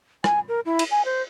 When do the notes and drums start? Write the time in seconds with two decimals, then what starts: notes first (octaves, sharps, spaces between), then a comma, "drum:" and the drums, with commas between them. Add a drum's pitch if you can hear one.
0.24 G#5, drum: rim click
0.48 A#4
0.65 E4
0.79 drum: cymbal
0.91 G#5
1.05 C5